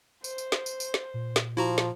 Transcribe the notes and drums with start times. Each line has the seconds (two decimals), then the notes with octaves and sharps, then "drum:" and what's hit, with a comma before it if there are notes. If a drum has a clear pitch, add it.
0.24 C5, drum: tambourine
0.38 drum: tambourine
0.52 drum: snare
0.66 drum: tambourine
0.80 drum: tambourine
0.94 drum: snare
1.14 A#2
1.36 drum: snare
1.57 F3 E4 F#4 A#5
1.78 drum: snare